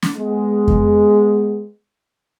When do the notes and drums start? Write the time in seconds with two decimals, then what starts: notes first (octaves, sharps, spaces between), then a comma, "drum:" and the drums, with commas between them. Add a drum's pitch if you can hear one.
0.02 drum: snare
0.16 G#3 B3
0.68 drum: kick F2